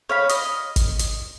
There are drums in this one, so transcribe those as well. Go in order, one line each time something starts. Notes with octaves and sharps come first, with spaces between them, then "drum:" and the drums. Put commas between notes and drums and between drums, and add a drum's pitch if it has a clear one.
C#5 F5 B5
D#5, drum: hi-hat
drum: kick, hi-hat
drum: hi-hat